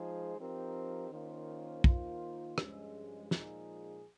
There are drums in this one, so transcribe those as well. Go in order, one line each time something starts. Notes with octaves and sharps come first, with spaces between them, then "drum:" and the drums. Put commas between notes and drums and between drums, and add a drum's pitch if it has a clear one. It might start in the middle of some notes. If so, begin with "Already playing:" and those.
Already playing: F3 G#3 D#4 G#4 C5
F3 C4 D#4 G4 A#4
D#3 A#3 C#4 F4 C5
D#3 A#3 F4 C5, drum: kick
G2 F3 G#3 C#4, drum: rim click
A#2 F3 G#3 D#4 G#4, drum: snare